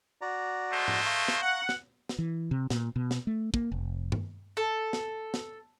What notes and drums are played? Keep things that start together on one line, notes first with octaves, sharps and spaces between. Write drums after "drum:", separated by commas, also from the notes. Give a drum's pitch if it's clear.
F#4 D5 A#5
G#3 A3 C5
drum: tom G#2
F5 A#5 C#6
drum: snare
F#5
drum: snare
drum: snare
E3
C3
A#2, drum: snare
B2
drum: snare
A3
A#3, drum: kick
F1
drum: tom G2
A4
drum: snare
drum: snare